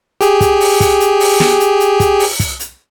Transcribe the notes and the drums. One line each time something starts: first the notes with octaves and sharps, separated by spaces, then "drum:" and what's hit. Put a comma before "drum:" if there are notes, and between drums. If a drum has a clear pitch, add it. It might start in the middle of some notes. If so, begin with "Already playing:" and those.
G4 G#4, drum: hi-hat
drum: kick, hi-hat
drum: open hi-hat
drum: kick, hi-hat
drum: hi-hat
drum: open hi-hat
drum: snare
drum: hi-hat
drum: hi-hat
drum: kick, hi-hat
drum: open hi-hat
drum: kick, hi-hat
drum: hi-hat